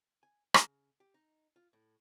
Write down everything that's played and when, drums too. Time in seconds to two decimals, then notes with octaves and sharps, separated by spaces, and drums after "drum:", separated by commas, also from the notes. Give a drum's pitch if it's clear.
0.23 G#5
0.54 C#3, drum: rim click
1.00 G4
1.14 D#4
1.56 F4
1.73 A2